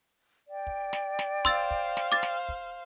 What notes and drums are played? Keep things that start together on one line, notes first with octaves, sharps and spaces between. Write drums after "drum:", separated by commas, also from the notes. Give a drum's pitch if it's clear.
D5 G5
drum: kick
drum: snare
drum: snare
C5 F5 C6 E6 A6, drum: kick
drum: kick
drum: snare
D6 A6
drum: snare
drum: kick